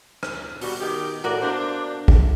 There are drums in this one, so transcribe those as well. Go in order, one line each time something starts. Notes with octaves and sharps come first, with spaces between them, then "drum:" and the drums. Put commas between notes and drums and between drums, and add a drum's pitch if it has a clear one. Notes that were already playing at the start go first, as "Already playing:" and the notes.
drum: rim click
B2 G3 F#4, drum: open hi-hat
B2 D#3 G4
A2 F#4 A#4 D5
B2 A#3 D4 C5
drum: kick